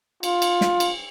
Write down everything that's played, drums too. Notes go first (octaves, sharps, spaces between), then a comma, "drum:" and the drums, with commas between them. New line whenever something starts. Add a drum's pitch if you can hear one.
F4, drum: cymbal
drum: cymbal
drum: snare
drum: cymbal